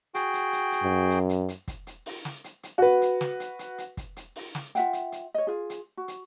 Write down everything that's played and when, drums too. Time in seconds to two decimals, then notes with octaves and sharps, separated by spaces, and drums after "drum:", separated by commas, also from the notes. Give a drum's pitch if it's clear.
0.14 F#4 G#4 G5, drum: hi-hat
0.34 drum: hi-hat
0.53 drum: hi-hat
0.72 drum: hi-hat
0.83 F#2
1.10 drum: hi-hat
1.29 drum: hi-hat
1.48 drum: hi-hat
1.68 drum: kick, hi-hat
1.87 drum: hi-hat
2.06 drum: open hi-hat
2.25 drum: snare
2.44 drum: hi-hat
2.63 drum: hi-hat
2.78 F#4 B4
3.02 drum: hi-hat
3.21 drum: snare
3.40 drum: hi-hat
3.59 drum: hi-hat
3.78 drum: hi-hat
3.97 drum: kick, hi-hat
4.16 drum: hi-hat
4.36 drum: open hi-hat
4.55 drum: snare
4.75 F4 E5 F#5 G5, drum: hi-hat
4.93 drum: hi-hat
5.12 drum: hi-hat
5.34 C#5 D#5
5.47 F4 G#4
5.70 drum: hi-hat
5.97 F#4
6.08 drum: hi-hat